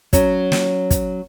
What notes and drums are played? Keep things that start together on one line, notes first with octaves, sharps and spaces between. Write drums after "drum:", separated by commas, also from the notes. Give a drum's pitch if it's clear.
F#3 C#4, drum: kick, hi-hat
drum: snare
drum: kick, hi-hat